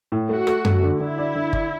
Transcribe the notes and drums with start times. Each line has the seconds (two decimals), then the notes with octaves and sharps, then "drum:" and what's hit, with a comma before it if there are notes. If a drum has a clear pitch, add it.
0.12 A2
0.29 A3 F#4
0.47 A3, drum: rim click
0.65 A3, drum: tom F#2
0.83 D3
1.00 D3 E4
1.18 D4
1.35 D3
1.53 D4, drum: kick G1